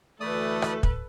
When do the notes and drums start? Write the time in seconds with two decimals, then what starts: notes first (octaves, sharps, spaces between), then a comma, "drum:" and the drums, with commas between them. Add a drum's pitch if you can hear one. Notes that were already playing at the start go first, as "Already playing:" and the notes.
0.20 D2 E3 A3 A4 B4 D5 D#6
0.62 drum: rim click
0.83 drum: kick